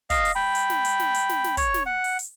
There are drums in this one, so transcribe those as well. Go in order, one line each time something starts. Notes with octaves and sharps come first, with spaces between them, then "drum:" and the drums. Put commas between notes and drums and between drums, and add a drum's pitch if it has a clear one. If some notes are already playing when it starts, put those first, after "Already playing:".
D#5 F5, drum: kick, hi-hat
drum: open hi-hat
G5 B5
drum: hi-hat
drum: snare
drum: hi-hat
drum: snare
drum: hi-hat
drum: snare
drum: snare
C#5, drum: kick, hi-hat
drum: snare
F#5
drum: open hi-hat
drum: hi-hat